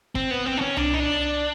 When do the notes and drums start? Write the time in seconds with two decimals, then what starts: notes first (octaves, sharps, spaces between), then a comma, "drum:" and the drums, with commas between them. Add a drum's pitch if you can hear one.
0.15 C4, drum: kick
0.31 B3
0.46 C4
0.57 D4
0.61 C#4
0.77 D4, drum: tom C2
0.94 D#4
1.00 D4